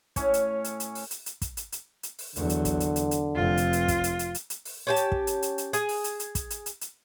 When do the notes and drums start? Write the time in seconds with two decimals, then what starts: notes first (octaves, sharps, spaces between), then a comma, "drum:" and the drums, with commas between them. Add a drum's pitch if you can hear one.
0.16 A2 C#4 C#5, drum: kick, hi-hat
0.34 drum: hi-hat
0.64 drum: hi-hat
0.80 drum: hi-hat
0.95 drum: open hi-hat
1.11 drum: hi-hat
1.26 drum: hi-hat
1.42 drum: kick, hi-hat
1.57 drum: hi-hat
1.72 drum: hi-hat
2.03 drum: hi-hat
2.19 drum: open hi-hat
2.36 E2 D3 F#3, drum: hi-hat
2.49 drum: hi-hat
2.65 drum: kick, hi-hat
2.80 drum: hi-hat
2.96 drum: hi-hat
3.11 drum: hi-hat
3.35 F1 C4 F4
3.57 drum: hi-hat
3.73 drum: hi-hat
3.88 drum: kick, hi-hat
4.04 drum: hi-hat
4.19 drum: hi-hat
4.35 drum: hi-hat
4.50 drum: hi-hat
4.65 drum: open hi-hat
4.87 C#4 G4 A5
4.96 drum: hi-hat
5.12 drum: kick
5.27 drum: hi-hat
5.42 drum: hi-hat
5.58 drum: hi-hat
5.73 G#4, drum: hi-hat
5.89 drum: open hi-hat
6.04 drum: hi-hat
6.20 drum: hi-hat
6.35 drum: kick, hi-hat
6.50 drum: hi-hat
6.66 drum: hi-hat
6.81 drum: hi-hat